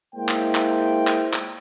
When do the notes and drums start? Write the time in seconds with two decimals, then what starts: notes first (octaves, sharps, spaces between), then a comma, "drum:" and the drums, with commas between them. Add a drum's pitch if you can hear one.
0.15 G#3 A#3 E4 C5 G5
0.29 drum: clap
0.55 drum: clap
1.07 drum: clap
1.33 drum: clap